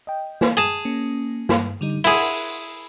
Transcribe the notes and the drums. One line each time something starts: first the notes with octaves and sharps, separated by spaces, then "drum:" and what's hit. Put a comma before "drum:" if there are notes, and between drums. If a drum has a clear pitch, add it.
D#5 G5
drum: snare
G#4 A5
A#3 C#4
G2, drum: snare
D3 G3 D#4
E4 G#4 F#5 C6, drum: open hi-hat